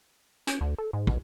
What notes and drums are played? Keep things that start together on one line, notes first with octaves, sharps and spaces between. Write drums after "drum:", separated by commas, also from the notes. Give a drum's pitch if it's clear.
C#4, drum: hi-hat
D2
A4
G#2
B1, drum: kick